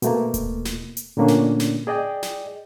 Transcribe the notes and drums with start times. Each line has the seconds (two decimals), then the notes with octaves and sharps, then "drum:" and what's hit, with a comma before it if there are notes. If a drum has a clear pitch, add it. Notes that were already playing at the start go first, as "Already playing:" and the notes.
0.02 B2 A3 A#3, drum: hi-hat
0.34 drum: kick D#1, hi-hat
0.65 drum: snare
0.97 drum: hi-hat
1.17 A#2 D3 A3 A#3 C#4 D4
1.28 drum: snare
1.60 drum: snare
1.87 G#4 D5 D#5 G5
2.23 drum: snare